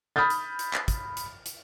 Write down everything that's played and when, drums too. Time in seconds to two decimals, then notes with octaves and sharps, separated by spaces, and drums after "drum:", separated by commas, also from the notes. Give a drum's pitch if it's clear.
0.16 B5 D#6 F6 G6 A6
0.30 drum: hi-hat
0.59 drum: hi-hat
0.74 drum: clap
0.88 drum: kick, hi-hat
1.17 drum: hi-hat
1.46 drum: hi-hat